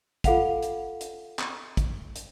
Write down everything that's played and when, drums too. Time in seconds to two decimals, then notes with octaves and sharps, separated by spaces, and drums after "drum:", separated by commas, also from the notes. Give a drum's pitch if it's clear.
0.24 F4 A4 F5 F#5 F7, drum: kick, hi-hat
0.63 drum: hi-hat
1.01 drum: hi-hat
1.39 drum: clap
1.77 drum: kick, hi-hat
2.16 drum: hi-hat